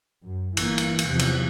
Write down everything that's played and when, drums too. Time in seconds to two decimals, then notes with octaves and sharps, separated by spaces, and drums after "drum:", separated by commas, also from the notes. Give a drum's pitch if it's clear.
0.22 F#2
0.57 G1 E3 A#3, drum: cymbal
0.78 drum: cymbal
0.99 drum: cymbal
1.08 E2 C3 F3 F#3
1.19 drum: cymbal